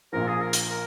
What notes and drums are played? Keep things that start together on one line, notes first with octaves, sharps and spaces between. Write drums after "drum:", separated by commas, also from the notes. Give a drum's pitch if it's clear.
A#1 A#2 F3 A#4
G#4
A#4
drum: hi-hat
A#4